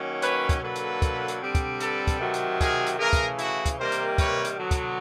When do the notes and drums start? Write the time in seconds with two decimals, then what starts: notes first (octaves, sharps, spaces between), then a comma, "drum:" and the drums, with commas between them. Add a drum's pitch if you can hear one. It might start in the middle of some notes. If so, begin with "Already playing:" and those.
Already playing: D#3 F#3 A#3 C#4
0.22 B4 C#5, drum: hi-hat
0.49 drum: kick, hi-hat
0.62 D3 F#3 A#3 A4 B4
0.76 drum: hi-hat
1.02 drum: kick, hi-hat
1.28 drum: hi-hat
1.41 D3 G3 C4
1.55 drum: kick, hi-hat
1.80 A4 B4, drum: hi-hat
2.07 drum: kick, hi-hat
2.20 C3 D#3 F#3
2.34 drum: hi-hat
2.61 G#4 A#4, drum: kick, hi-hat
2.86 drum: hi-hat
2.99 C#3 E3 A3 G#4 A#4
3.13 drum: kick, hi-hat
3.39 E4 F#4, drum: hi-hat
3.66 drum: kick, hi-hat
3.78 C3 D#3 G3 A#3 A#4 C5
3.92 drum: hi-hat
4.18 B4 C#5, drum: kick, hi-hat
4.45 drum: hi-hat
4.58 D3 F#3 B3
4.71 drum: kick, hi-hat